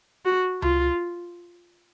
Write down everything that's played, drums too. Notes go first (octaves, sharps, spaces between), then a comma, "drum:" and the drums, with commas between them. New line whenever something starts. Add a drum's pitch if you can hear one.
F#4
F4, drum: tom C#2